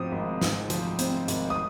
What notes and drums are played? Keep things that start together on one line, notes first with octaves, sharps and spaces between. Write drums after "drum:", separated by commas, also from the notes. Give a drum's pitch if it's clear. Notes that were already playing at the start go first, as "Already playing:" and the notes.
Already playing: G#2 F3 C4 D#6
G#1
G#2, drum: snare
F3, drum: hi-hat
C4, drum: hi-hat
G#1, drum: hi-hat
D#6